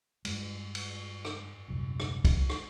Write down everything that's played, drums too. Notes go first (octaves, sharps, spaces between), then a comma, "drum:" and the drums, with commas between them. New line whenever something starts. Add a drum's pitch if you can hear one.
G2 G#3, drum: cymbal
drum: cymbal
drum: rim click
D#1 C2 F#2
drum: rim click
drum: kick, cymbal
drum: rim click